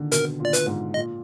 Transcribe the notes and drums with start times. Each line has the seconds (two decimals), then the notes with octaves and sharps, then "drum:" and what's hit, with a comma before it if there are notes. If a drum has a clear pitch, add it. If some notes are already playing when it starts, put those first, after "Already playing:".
Already playing: D3 D#3
0.12 B2 A#4, drum: hi-hat
0.39 A#2
0.45 D5
0.53 B4, drum: hi-hat
0.67 G#2
0.94 A#2 D#5